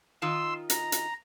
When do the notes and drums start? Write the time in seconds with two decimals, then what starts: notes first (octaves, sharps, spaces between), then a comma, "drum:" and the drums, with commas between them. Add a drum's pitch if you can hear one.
0.22 D#3 D#4 F4 C6 E6
0.70 A#5, drum: hi-hat
0.92 drum: hi-hat